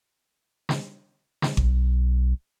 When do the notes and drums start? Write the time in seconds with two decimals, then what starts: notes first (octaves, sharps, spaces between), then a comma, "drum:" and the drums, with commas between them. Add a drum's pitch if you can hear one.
0.69 drum: snare
1.42 drum: snare
1.57 B1, drum: kick G#1